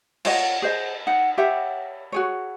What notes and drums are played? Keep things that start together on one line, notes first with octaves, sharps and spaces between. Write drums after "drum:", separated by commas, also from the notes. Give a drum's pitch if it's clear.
F4 C#5 D#5 F#5, drum: cymbal
G#4 C5 D#5
D#4 F#5
G4 C#5 E5 F#5
F#4 G#4 C#5